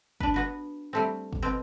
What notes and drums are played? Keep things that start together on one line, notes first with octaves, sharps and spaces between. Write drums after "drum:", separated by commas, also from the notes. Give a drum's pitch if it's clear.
D4 B4, drum: kick
B3 F#4 B4
G3 A3 C4
drum: kick
B2 C4